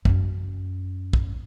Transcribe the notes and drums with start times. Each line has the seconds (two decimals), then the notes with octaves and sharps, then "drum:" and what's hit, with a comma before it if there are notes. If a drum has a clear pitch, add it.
0.05 F#2 C#4, drum: kick
1.13 drum: kick